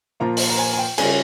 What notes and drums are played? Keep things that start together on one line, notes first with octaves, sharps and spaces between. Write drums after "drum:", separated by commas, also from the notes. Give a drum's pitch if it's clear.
A#2 F3 A#3 F4 A#5
drum: open hi-hat
A#5
G#5
G#5
G5
C#3 G3 C#4 F4 G#5, drum: cymbal